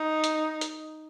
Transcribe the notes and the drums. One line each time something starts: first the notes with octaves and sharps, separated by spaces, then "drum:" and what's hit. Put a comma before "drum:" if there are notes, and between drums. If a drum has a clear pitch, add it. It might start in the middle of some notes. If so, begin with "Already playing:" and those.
Already playing: D#4
drum: hi-hat
drum: hi-hat